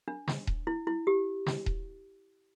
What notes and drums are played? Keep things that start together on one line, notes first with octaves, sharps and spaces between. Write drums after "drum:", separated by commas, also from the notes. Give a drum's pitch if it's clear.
D4
drum: snare
drum: kick D#1
E4
E4
G4
drum: snare
drum: kick D#1